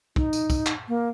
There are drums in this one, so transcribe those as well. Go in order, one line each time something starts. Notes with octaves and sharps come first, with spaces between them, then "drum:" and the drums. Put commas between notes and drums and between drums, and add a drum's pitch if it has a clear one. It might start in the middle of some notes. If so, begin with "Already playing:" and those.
D#4, drum: kick
drum: tambourine
drum: kick, tambourine
drum: clap
A#3